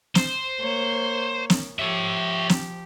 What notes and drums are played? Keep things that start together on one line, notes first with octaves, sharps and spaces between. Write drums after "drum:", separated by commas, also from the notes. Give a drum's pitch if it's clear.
C5, drum: snare
A#3 C#5
drum: snare
F3 G4 C#5 E5
drum: snare